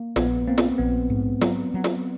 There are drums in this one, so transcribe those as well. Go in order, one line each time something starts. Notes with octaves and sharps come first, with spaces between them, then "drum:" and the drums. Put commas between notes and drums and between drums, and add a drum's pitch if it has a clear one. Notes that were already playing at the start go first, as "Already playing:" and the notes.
Already playing: A#3
A#1 B3, drum: snare
A#3 C4
drum: snare
A#1 B3
G#2
F#3, drum: snare
F#3
drum: snare